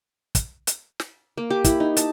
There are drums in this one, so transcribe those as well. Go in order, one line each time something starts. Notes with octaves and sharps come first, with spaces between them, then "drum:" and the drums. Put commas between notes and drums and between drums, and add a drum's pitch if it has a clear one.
drum: kick, hi-hat
drum: hi-hat
drum: snare
A#3
G4
E4, drum: kick, hi-hat
D#4
A5, drum: hi-hat